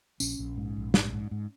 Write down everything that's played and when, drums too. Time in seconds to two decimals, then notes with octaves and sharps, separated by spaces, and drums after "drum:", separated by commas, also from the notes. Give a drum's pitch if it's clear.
0.20 A#1 C#4, drum: tambourine
0.39 A#1
0.57 G#2
0.77 A#1
0.94 G#2, drum: snare
1.13 G#2
1.31 G#2